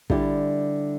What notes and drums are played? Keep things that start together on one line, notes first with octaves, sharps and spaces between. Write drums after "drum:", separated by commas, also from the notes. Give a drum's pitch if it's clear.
D3 G3 E4 G4, drum: kick